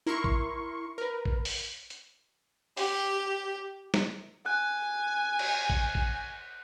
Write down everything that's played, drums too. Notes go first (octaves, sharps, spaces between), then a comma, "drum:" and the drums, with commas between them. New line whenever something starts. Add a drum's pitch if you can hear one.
E4 A#4 C6 C#6
drum: kick A1
A#4 B4
drum: kick A1
drum: open hi-hat
drum: hi-hat
G4, drum: open hi-hat
drum: snare
G#5 F#6
drum: cymbal
drum: kick A1
drum: kick A1